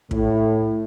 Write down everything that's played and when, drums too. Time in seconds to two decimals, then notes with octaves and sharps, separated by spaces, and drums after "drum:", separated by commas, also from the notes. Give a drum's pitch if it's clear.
0.11 A2, drum: kick